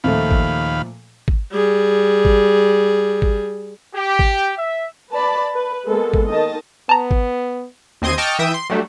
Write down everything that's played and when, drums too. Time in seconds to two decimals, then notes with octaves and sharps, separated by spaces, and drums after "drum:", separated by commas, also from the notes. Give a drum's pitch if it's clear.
0.04 D#2 A#2 F3 A3 F5 B5
0.31 drum: kick
1.28 drum: kick
1.52 G3 G#4
2.25 drum: kick
3.22 drum: kick
3.95 G4
4.19 drum: kick
4.57 E5
5.12 B4 D5 A5 B5
5.54 B4
5.86 G#3 A#3 B3 A4
6.14 drum: kick
6.29 D#3 D#5 A5
6.89 B3 A5 A#5
7.11 drum: kick
8.02 D#2 C4 D#5 C6 G#6 D#7
8.18 D#5 G5 A5 C#6 D6 F6
8.39 E3 E5 G5 D#6
8.54 C6
8.70 F#3 G3 A3 D4